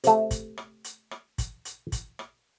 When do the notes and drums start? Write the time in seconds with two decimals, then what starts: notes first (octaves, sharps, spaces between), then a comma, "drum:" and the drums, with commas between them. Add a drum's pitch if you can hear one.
0.04 C3 A3, drum: hi-hat
0.31 drum: kick, hi-hat
0.58 drum: rim click
0.84 drum: hi-hat
1.11 drum: rim click
1.38 drum: kick, hi-hat
1.65 drum: hi-hat
1.92 drum: kick, hi-hat
2.19 drum: rim click